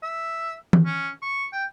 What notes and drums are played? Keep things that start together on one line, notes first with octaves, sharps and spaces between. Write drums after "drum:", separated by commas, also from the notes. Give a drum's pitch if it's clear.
E5
drum: tom
C#4
C#6
G5